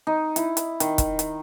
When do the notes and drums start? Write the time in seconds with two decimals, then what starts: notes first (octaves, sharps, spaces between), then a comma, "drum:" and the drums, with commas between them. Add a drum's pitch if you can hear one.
0.07 D#4
0.36 E4, drum: hi-hat
0.57 drum: hi-hat
0.80 D#3, drum: hi-hat
0.98 drum: kick, hi-hat
1.19 drum: hi-hat